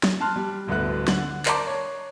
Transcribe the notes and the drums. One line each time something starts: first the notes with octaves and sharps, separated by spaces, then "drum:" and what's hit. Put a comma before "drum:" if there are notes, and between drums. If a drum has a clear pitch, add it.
drum: snare
A5 C6 F6 F#6
G3
D1 D2 G2 A3 B3 F#6
D3 F#5 F#7, drum: snare
A#4 C5 D5 A5 A#5 D6, drum: clap
C#5